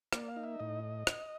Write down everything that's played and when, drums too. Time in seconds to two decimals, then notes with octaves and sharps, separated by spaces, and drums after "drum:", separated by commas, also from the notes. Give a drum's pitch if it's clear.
0.13 A#3 D5, drum: rim click
0.28 F5
0.36 D#4
0.44 E5
0.60 A2 D#5
1.07 drum: rim click